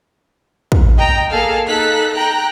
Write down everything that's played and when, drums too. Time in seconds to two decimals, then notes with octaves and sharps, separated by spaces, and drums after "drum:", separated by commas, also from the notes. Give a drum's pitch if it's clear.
0.72 drum: kick
0.97 D#5 G5 A#5
1.30 A#3 G#4 A4 F5
1.68 D#4 A4 F#6 B6
2.15 G5 A#5 F#6